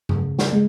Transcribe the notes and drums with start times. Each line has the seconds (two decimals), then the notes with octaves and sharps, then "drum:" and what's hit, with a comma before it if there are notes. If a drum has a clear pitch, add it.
0.09 C#3, drum: tom G2
0.39 drum: snare
0.53 G#3